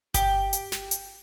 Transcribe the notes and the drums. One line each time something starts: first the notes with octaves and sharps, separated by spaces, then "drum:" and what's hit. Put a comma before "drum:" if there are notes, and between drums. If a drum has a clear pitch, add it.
G4, drum: kick G1, hi-hat
drum: hi-hat
drum: snare
drum: hi-hat